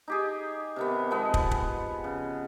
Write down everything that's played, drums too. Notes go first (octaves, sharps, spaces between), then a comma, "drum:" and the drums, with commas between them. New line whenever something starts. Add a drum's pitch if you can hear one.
D#4 G4 G#4
C3 D#3 B3
F3 G#3 B3
drum: kick
drum: kick
C#3